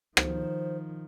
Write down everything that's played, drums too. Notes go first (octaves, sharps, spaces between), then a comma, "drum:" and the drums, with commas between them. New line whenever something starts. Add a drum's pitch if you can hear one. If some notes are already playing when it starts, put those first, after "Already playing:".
D#3 F3 C5, drum: rim click